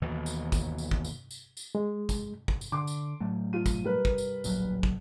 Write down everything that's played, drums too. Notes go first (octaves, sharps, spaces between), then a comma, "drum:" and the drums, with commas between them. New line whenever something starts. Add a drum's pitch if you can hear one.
D#2 B2 E3
drum: tambourine
drum: kick, tambourine
drum: tambourine
drum: kick
drum: tambourine
drum: tambourine
drum: tambourine
G#3
drum: kick, tambourine
drum: kick
drum: tambourine
D3 C6 D6
drum: tambourine
A2 F#3 A3
F3 F4 D#7
drum: kick, tambourine
G3 A#4 B4
drum: kick
drum: tambourine
D1 A#1 F#3, drum: tambourine
drum: kick